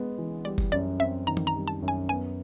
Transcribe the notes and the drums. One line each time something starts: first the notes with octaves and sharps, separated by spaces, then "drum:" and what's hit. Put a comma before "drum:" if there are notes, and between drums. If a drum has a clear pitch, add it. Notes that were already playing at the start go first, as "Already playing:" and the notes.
Already playing: G#3 B3
E3
G3 D5
drum: kick
F#2 D5
C4 E5
D#3 A#5
drum: tom E3
A#5
G3
A5
F#2
G#5
B3 G#5